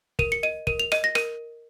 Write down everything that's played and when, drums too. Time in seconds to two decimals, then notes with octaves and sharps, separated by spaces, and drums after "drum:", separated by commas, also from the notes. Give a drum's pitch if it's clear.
0.19 A#4 D#7, drum: kick
0.32 C#7
0.43 D#5 D#7
0.67 A#4 D#7, drum: kick
0.80 F7
0.92 D#5 D#7, drum: rim click
1.04 A#6
1.15 A#4 D#7, drum: rim click